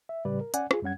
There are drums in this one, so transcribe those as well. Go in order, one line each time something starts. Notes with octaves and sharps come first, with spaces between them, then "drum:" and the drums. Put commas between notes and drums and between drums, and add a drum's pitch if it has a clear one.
E5
A2 C#3 G3 G4 B4 D5
A#4
C#4 D5 F#5 G#5, drum: hi-hat
F4 G#4, drum: rim click
F#2 G3 C#4 F#5 G#6